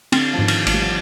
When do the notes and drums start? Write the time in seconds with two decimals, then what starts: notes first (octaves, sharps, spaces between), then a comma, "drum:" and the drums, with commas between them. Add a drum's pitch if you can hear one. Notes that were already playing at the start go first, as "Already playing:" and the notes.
0.12 D3 C4, drum: cymbal
0.33 F3
0.39 G#2 D#3
0.48 drum: cymbal
0.67 G#1 F3, drum: cymbal
0.73 G3
0.82 F3